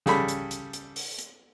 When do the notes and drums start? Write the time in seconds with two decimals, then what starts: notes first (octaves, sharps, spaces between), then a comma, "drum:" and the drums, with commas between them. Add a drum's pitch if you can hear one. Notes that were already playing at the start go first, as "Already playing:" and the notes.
0.06 C#3 G3 A4 B5, drum: snare
0.28 drum: hi-hat
0.51 drum: hi-hat
0.73 drum: hi-hat
0.96 drum: open hi-hat
1.18 drum: hi-hat